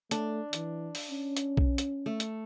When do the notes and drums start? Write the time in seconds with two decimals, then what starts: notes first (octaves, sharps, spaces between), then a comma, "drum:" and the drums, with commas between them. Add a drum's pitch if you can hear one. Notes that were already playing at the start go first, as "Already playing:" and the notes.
0.11 A3 D4, drum: hi-hat
0.53 E3, drum: hi-hat
0.95 drum: open hi-hat
1.11 C#4
1.37 drum: hi-hat
1.57 drum: kick B1
1.78 drum: hi-hat
2.06 A3
2.20 drum: hi-hat